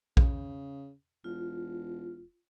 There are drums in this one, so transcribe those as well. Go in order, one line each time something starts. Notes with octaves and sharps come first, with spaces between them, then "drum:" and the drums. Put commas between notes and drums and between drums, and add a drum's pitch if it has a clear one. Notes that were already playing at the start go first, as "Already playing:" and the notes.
C#3, drum: kick A#1
E1 F4